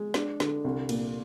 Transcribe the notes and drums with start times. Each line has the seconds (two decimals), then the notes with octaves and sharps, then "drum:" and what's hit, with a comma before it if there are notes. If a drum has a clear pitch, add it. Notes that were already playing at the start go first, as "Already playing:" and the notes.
Already playing: G#3
0.14 D4, drum: snare
0.40 D3, drum: snare
0.64 C2
0.89 A#2, drum: cymbal